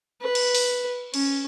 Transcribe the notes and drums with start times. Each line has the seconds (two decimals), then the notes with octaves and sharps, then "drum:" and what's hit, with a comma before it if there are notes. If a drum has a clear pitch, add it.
0.21 B4
0.35 drum: cymbal
0.55 drum: open hi-hat
1.14 C#4, drum: cymbal